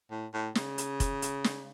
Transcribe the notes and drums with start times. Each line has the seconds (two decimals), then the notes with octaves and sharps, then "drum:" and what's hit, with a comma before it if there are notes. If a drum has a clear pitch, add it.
0.11 A2
0.34 A2
0.55 C#3, drum: snare
0.78 drum: hi-hat
1.00 drum: kick F1, hi-hat
1.22 drum: hi-hat
1.44 drum: snare